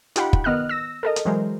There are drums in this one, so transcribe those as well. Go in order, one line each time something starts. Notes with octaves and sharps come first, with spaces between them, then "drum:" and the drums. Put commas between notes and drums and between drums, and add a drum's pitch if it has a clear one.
D#4 F4 G4 F#5 G5 B5, drum: hi-hat
drum: kick
D#3 B3 D#5 F6 F#6
E6 A#6
A4 A#4 D#5
drum: hi-hat
E3 F#3 G#3 A#4 C5